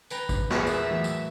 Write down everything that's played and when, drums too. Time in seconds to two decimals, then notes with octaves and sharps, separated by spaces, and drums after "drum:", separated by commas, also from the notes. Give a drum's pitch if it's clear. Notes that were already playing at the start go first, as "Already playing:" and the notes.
0.10 B4 G5 A#5, drum: tambourine
0.29 drum: kick, tambourine
0.50 E2 A#2 F#4 G#4 A#4 B4 E5, drum: snare
0.67 drum: tambourine
0.90 A2 E3 F#3
1.04 drum: tambourine